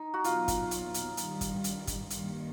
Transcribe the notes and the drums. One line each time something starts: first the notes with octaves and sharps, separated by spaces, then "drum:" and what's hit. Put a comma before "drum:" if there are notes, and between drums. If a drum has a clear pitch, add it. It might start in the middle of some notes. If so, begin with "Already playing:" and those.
Already playing: D#4
F#4
E2 B2 F#3 F4, drum: hi-hat
drum: kick, hi-hat
drum: hi-hat
drum: hi-hat
G2 D#3 G3, drum: hi-hat
drum: kick, hi-hat
drum: hi-hat
drum: kick, hi-hat
G2 D#3 G3 A#3, drum: hi-hat